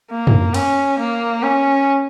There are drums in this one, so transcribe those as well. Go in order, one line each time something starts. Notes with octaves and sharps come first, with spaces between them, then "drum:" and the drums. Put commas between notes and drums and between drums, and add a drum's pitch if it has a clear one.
A#3
drum: tom
C#4, drum: cymbal
A#3
C#4